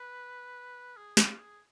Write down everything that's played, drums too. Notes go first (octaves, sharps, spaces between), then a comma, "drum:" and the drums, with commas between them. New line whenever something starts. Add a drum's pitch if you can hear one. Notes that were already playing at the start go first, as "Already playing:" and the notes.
Already playing: B4
G#4
F4, drum: snare
G#4